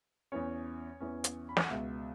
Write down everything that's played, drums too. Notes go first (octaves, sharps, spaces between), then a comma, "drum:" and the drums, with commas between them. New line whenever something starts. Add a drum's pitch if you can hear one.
E2 E3 C#4 C#5
E2 E3 C#4
drum: hi-hat
B5
G#5, drum: snare
F#5
C#2 B2 G#3 E5